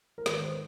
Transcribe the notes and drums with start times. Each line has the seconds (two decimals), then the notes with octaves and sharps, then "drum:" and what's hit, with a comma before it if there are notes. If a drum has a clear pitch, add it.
0.18 A#4
0.26 G#2 D#3 B4, drum: snare
0.42 C5